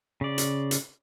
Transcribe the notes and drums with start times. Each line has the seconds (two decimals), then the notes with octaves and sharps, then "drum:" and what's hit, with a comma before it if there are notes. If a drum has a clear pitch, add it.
0.21 C#3 D5
0.38 drum: hi-hat
0.71 drum: hi-hat